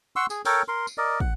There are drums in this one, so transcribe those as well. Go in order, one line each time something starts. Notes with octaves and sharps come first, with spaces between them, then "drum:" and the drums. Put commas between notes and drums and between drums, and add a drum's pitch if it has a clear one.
F#5 C6 C#6 E6
G#4, drum: tambourine
A4 A#4 C#5 G5, drum: open hi-hat
A#4 C6
drum: tambourine
A#4 D5 D#5
F#5, drum: kick